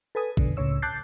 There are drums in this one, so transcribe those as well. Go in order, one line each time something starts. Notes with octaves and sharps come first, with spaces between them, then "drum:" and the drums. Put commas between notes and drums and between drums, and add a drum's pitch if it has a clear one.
A4 B4 G#5 D#6
F2 B2 D3, drum: kick
C#2 A2 C#3 C#5 E6
A5 D6 F#6 G6 A6 C7